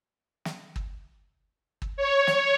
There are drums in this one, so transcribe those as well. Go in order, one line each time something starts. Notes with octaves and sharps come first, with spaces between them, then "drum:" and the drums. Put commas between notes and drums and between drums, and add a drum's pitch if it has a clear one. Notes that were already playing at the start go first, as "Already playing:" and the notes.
drum: snare
drum: kick
drum: kick
C#5
drum: snare